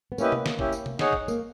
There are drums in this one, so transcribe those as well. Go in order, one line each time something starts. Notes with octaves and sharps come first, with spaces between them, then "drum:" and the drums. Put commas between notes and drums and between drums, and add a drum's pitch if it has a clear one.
B3
A#3 C#4 E4 G4 B4 D#5, drum: tambourine
drum: tom C3
drum: snare
C#4 E4 G4, drum: kick
drum: tambourine
drum: tom C3
D#4 G#4 C#5 F#5, drum: snare
drum: kick
A#3, drum: tambourine